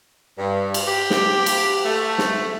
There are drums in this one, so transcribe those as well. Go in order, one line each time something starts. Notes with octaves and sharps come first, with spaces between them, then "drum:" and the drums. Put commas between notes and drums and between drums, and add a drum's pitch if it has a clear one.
G2
drum: cymbal
G4
drum: snare
drum: cymbal
A3
drum: snare